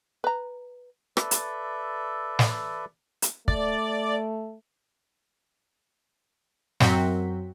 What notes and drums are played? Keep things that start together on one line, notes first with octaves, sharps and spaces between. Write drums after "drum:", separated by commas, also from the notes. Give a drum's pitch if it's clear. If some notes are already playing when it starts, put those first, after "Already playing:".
B4 A#5
A4 B4 D5 E5, drum: rim click
drum: hi-hat
drum: snare
drum: hi-hat
A3 D5, drum: kick
F#2 F#3 C4 F#4 G5 B6, drum: snare